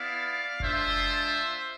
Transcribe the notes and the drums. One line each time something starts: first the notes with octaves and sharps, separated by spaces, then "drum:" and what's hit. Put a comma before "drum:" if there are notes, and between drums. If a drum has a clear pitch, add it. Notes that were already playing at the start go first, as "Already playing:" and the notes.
Already playing: B3 E4 D5 F5
G#3 D4 F4 C5 E5, drum: kick F#1